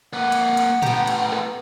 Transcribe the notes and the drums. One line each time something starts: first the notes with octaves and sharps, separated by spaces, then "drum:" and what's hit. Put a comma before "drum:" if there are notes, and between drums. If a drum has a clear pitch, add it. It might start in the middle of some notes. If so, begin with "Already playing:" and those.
A#3 B4 F#5
drum: cymbal
drum: cymbal
A2 B3 G4 A#5, drum: tom A2
drum: cymbal
drum: rim click